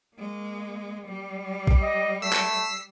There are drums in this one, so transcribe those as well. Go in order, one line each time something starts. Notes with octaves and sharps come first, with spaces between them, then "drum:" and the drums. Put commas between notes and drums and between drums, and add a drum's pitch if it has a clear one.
G#3 A#3
G3
drum: kick A#1
D#5
A3 E6 B6 C7
drum: clap